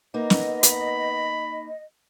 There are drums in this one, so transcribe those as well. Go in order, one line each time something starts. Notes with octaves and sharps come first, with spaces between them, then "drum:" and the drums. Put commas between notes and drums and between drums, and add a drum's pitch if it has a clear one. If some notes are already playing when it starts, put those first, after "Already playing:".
A#3 B3 D#4 D#5
drum: snare
B5, drum: hi-hat